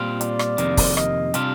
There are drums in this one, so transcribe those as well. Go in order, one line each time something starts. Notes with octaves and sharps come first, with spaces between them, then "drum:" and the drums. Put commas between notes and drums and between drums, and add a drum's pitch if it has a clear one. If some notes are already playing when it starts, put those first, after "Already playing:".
Already playing: A#2 G3 C4 F4
D5, drum: hi-hat
drum: rim click
F2 C3 D#3 A#3, drum: hi-hat
drum: kick, open hi-hat
D#5, drum: rim click
C3 G3 D4 F4, drum: hi-hat